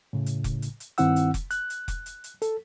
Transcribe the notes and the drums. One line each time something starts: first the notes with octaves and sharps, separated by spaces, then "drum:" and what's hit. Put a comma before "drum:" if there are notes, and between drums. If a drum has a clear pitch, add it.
A2 C#3
drum: hi-hat
drum: kick F1, hi-hat
drum: hi-hat
drum: hi-hat
G2 D#3 C4 E4 F#5 E6, drum: hi-hat
drum: hi-hat
drum: kick F1, hi-hat
F#6, drum: hi-hat
drum: hi-hat
drum: kick F1, hi-hat
drum: hi-hat
drum: hi-hat
A4, drum: hi-hat